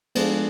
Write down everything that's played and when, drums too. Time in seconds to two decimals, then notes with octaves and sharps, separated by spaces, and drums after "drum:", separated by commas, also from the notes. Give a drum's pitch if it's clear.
0.15 F3 G#3 A3 B3 D4 G#4, drum: cymbal